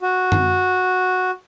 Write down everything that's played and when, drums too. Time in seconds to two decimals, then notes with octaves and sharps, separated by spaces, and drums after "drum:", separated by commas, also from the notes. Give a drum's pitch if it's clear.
0.02 F#4
0.32 drum: tom F#2